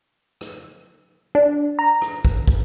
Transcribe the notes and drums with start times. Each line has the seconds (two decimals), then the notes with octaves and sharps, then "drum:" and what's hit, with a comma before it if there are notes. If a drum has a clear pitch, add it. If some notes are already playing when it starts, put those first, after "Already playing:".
0.41 drum: rim click
1.35 D4
1.79 A#5
2.02 drum: rim click
2.25 drum: kick
2.48 drum: kick